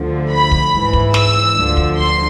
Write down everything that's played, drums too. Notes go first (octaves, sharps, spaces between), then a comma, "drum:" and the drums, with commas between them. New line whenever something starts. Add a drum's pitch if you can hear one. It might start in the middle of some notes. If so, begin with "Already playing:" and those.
Already playing: D2 D3 F3
B5
drum: kick
G#2 E3
drum: kick
E6, drum: snare
D2 D3 F3
drum: kick
C6